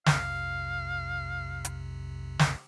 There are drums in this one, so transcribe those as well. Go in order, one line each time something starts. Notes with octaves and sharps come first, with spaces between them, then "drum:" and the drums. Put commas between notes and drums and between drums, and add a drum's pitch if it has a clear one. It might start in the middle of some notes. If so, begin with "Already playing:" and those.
B1 F2 C3 F5, drum: snare
drum: hi-hat
drum: snare